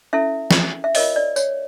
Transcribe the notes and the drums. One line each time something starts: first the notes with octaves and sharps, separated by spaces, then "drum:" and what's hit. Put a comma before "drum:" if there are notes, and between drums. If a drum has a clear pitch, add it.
C#4 E4 A4 E5
drum: snare
E5
F4 A#4 C#5 D#5, drum: open hi-hat
D5
C#5, drum: tambourine